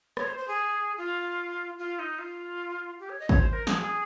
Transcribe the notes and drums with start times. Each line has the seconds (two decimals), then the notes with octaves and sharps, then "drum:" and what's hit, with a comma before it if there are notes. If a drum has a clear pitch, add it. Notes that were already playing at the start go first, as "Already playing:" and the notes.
0.17 C#5, drum: rim click
0.27 C5
0.38 C5
0.48 G#4
0.98 F4
1.79 F4
1.99 D#4
2.19 F4
3.00 G4
3.10 C#5
3.20 D#5
3.29 C#5, drum: kick
3.40 C5
3.53 A#4
3.67 G#4, drum: snare
3.80 G#4